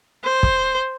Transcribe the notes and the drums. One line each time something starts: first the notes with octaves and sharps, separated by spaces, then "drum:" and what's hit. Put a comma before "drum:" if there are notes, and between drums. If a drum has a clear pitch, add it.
C5
drum: kick